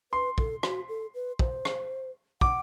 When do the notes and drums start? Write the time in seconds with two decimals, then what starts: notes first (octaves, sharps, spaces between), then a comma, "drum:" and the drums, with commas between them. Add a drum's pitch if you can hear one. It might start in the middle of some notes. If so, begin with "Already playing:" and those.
0.12 B4 C6
0.38 A4, drum: kick
0.63 F#4, drum: rim click
0.89 A4
1.14 B4
1.39 C5, drum: kick
1.65 drum: rim click
2.41 F#5 D6, drum: kick